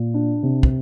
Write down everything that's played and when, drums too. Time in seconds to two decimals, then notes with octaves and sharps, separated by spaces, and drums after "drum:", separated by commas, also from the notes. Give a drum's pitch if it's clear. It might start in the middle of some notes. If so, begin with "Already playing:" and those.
Already playing: A#2
0.14 D4
0.43 C3
0.63 drum: kick